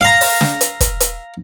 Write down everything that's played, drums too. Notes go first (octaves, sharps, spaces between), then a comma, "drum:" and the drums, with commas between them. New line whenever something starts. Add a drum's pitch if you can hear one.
F5 A#5
drum: open hi-hat
drum: snare
drum: hi-hat
drum: kick, hi-hat
drum: hi-hat